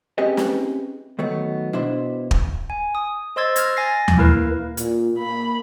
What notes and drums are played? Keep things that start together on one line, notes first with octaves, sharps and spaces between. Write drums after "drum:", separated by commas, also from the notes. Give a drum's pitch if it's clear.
C4 C#4 G4 G#4 B4 D#5
drum: snare
D#3 F#3 A3 B3
B2 D4 E4 C5 E5 C6
drum: kick
G#5
D#6
C5 D#5 C6 E6 G#6 A6
F6 G#6 A#6, drum: hi-hat
G#5 A6 A#6 C7
drum: tom D#2
A#3 E4 A#4 B4
A#2, drum: hi-hat
A#3 B5